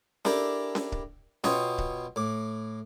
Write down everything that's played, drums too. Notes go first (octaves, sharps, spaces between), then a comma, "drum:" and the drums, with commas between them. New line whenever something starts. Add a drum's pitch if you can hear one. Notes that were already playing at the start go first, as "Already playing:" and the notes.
D4 E4 G4 A4 A#4 G5, drum: snare C#4
drum: snare C#4
drum: kick C#1
B2 B3 F4 C#5 G5 D#6, drum: snare C#4
drum: kick C#1
A2 D6